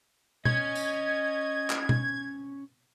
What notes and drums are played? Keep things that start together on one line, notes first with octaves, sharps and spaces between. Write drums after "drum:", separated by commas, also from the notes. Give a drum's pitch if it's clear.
C#4 D#5 G#6, drum: tom B2
drum: tambourine
drum: clap
drum: tom B2